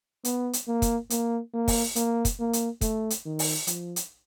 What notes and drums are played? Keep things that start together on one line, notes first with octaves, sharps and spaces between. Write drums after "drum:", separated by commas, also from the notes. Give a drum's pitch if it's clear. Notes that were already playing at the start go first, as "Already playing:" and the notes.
B3, drum: hi-hat
drum: hi-hat
A#3
drum: kick, hi-hat
A#3, drum: hi-hat
A#3
drum: kick, open hi-hat
A#3, drum: hi-hat
drum: kick, hi-hat
A#3
drum: hi-hat
A3, drum: kick, hi-hat
drum: hi-hat
D#3
drum: open hi-hat
F3, drum: hi-hat
drum: hi-hat